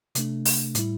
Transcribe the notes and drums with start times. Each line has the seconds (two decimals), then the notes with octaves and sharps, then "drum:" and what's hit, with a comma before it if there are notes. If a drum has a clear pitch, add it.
0.15 C3 A3 D4, drum: hi-hat
0.45 drum: open hi-hat
0.75 A2 G3 E4, drum: hi-hat